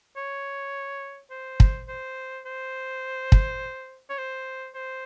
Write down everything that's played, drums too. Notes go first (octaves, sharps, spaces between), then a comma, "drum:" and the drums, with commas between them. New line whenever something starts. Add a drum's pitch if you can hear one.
C#5
C5
drum: kick
C5
C5
drum: kick
C#5
C5
C5